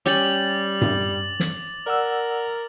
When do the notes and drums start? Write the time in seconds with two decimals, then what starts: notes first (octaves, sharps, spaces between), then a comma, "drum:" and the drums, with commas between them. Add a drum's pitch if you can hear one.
0.06 G3 C#4 G4 D6 A6 F#7
0.81 drum: tom G2
1.40 drum: snare
1.86 A#4 D5 F#5 E6